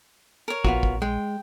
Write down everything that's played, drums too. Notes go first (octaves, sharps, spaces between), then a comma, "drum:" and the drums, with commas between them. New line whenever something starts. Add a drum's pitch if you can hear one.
A#4 C#5
A#1 B3 F4 F#4, drum: kick
drum: kick
G#3 G5